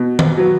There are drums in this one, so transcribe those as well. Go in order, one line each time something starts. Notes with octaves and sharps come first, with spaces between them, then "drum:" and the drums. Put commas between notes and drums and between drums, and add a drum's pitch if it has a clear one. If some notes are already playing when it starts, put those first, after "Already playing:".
Already playing: B2
drum: tom D#3
F#3 B3